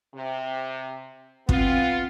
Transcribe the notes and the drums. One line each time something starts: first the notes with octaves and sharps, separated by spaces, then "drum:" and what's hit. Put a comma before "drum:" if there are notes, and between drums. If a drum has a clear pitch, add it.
C3
B3 C4 F4, drum: kick